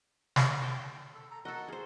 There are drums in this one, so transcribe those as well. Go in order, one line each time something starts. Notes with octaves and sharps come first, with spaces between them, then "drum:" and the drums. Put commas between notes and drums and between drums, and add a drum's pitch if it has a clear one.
drum: snare
G5 A5
A4
A4 A#5
F#4 A4 A#4 D#5 F#5
G#4 C5